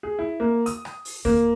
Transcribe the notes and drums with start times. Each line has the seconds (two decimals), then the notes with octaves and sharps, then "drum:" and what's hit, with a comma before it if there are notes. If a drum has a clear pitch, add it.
0.03 G#4
0.19 E4
0.40 A#3
0.66 D#6, drum: hi-hat
0.85 drum: rim click
1.05 drum: open hi-hat
1.25 A#3, drum: kick D#2